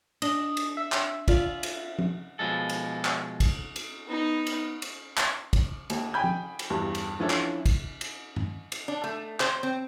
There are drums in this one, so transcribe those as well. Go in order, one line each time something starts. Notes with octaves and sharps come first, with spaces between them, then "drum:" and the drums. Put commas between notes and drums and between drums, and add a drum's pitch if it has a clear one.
D4 D#5, drum: cymbal
drum: cymbal
E5
drum: clap
F4 D5, drum: kick, cymbal
drum: cymbal
drum: tom
B2 F3 G#3 A4
drum: cymbal
drum: clap
drum: kick, cymbal
drum: cymbal
B3 D#4
drum: cymbal
drum: cymbal
drum: clap
drum: kick, cymbal
D#2, drum: cymbal
G5 G#5 B5 G6
drum: tom
drum: cymbal
E2 G2 F#4
drum: cymbal
E3 F3 C#4 D4 E4 A4
drum: clap
drum: kick, cymbal
drum: cymbal
drum: tom G2
drum: cymbal
D4
A3
C5, drum: clap
C4